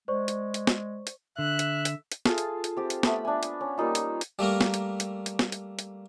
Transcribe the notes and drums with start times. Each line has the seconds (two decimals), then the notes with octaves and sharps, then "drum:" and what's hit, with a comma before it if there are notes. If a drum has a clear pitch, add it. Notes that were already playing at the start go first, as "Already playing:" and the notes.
0.08 G#3 C5 D5 C#6
0.28 drum: hi-hat
0.54 drum: hi-hat
0.67 drum: snare
1.07 drum: hi-hat
1.39 D3 E5 F#6
1.59 drum: hi-hat
1.85 drum: hi-hat
2.12 drum: hi-hat
2.25 F4 G#4 A4 F5, drum: snare
2.38 drum: hi-hat
2.64 drum: hi-hat
2.77 C4 G4
2.90 drum: hi-hat
3.03 A3 B3 B5, drum: snare
3.25 D4 G#5
3.43 drum: hi-hat
3.61 C#4
3.78 G3 A#3 D#4 F4
3.95 drum: hi-hat
4.21 drum: hi-hat
4.39 G3 A3 A#3 A#4
4.61 drum: snare
4.74 drum: hi-hat
5.00 drum: hi-hat
5.26 drum: hi-hat
5.39 drum: snare
5.52 drum: hi-hat
5.79 drum: hi-hat